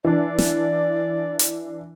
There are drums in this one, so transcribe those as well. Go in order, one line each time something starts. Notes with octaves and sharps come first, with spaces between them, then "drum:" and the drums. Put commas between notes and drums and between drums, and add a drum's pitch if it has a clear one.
E3 D4 D5
drum: snare
drum: hi-hat